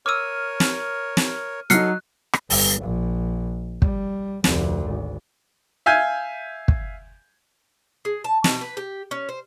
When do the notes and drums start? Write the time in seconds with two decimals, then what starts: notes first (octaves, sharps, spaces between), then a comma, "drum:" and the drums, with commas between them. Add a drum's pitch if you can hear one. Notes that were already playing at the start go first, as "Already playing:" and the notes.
0.06 A#4 C#5 D6 E6 F6 D#7
0.60 drum: snare
1.17 drum: snare
1.70 F#3 D#4 A4 F6 F#6 C7 C#7, drum: hi-hat
2.33 drum: rim click
2.50 G1, drum: open hi-hat
2.82 A#1
3.82 G3, drum: kick
4.44 F1 D2, drum: snare
4.85 G#1
5.86 E5 F5 G#5 G6 G#6
6.68 drum: kick
8.05 G#4
8.24 A5
8.44 B2, drum: snare
8.61 B4
8.77 G4
9.11 C#4
9.29 C5